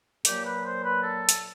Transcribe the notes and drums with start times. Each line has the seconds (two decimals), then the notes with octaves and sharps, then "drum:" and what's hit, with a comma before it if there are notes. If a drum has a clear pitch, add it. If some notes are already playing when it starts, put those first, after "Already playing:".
0.25 A#2 F#3 A#3 G4, drum: hi-hat
0.44 B4
0.64 C5
0.83 B4
1.03 A4
1.29 drum: hi-hat